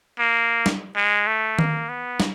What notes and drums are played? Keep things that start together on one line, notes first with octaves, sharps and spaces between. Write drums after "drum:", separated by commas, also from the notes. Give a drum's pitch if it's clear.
A#3
drum: snare
G#3
A3
A#3, drum: tom D#3
B3
drum: snare